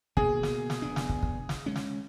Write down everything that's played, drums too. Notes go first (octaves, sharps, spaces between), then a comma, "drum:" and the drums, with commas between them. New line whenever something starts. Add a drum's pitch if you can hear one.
B2 A#3 G#4, drum: kick
drum: snare
drum: snare
F1 B3 D4
drum: snare
drum: kick
drum: kick
drum: snare
G#3 C#4
drum: snare